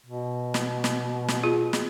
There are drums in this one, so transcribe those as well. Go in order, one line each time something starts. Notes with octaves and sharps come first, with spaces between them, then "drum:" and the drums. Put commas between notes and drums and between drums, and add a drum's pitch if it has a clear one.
B2
drum: snare
drum: snare
drum: snare
F4 G#4
drum: snare